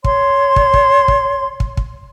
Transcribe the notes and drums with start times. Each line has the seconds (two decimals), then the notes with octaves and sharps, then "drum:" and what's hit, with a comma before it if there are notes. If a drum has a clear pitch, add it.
0.04 C#5 C6, drum: kick
0.56 drum: kick
0.74 drum: kick
1.08 drum: kick
1.60 drum: kick
1.77 drum: kick